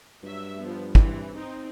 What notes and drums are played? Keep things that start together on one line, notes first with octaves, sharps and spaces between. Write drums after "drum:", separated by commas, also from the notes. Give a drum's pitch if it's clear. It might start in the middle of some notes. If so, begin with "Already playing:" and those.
G2 F#3 E5
F3 B3
E3 C4, drum: kick
C4 D#4